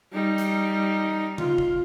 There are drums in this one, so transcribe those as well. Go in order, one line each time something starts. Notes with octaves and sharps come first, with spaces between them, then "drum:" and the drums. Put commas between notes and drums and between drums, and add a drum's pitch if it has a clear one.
G3 D#4
drum: hi-hat
F4, drum: tom C#3
drum: kick